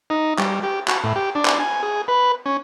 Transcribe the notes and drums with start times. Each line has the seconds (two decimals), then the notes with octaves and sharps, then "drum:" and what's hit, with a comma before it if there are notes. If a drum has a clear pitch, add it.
0.10 D#4
0.38 G3, drum: clap
0.63 G4
0.88 F#4, drum: clap
1.04 A2
1.16 G4
1.35 D4
1.45 drum: clap
1.59 G#5
1.83 G#4
2.08 B4
2.46 C#4